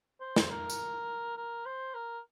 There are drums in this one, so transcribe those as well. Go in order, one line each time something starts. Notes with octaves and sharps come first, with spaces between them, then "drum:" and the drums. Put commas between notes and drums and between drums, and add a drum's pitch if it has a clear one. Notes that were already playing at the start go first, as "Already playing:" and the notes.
C5
drum: snare
A#4
drum: tambourine
A#4
C5
A#4